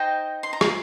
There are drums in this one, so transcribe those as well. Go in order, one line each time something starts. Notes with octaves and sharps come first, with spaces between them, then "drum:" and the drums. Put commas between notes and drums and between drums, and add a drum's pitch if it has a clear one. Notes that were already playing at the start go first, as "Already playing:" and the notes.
Already playing: D#4 C5 D#5 G5 A#5
C6
A#5
F5 G#5, drum: rim click